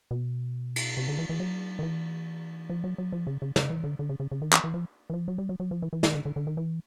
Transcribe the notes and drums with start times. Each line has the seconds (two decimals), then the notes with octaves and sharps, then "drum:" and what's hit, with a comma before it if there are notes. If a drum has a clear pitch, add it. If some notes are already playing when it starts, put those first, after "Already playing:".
0.11 B2
0.76 drum: cymbal
0.97 C3
1.08 D3
1.19 E3
1.29 E3
1.40 F#3
1.79 D#3
1.83 E3
2.70 F3
2.84 F#3
2.98 F#3
3.13 F3
3.27 C#3
3.42 C#3
3.56 C#3, drum: snare
3.70 E3
3.84 D3
3.99 D3
4.09 C#3
4.20 C#3
4.31 C#3
4.42 D#3
4.52 E3, drum: clap
4.64 E3
4.74 F3
5.10 E3
5.14 F3
5.28 F#3
5.38 G3
5.49 F#3
5.60 F#3
5.71 F3
5.82 E3
5.93 E3
6.03 D#3, drum: snare
6.14 D3
6.25 D3
6.36 D3
6.47 D#3
6.57 E3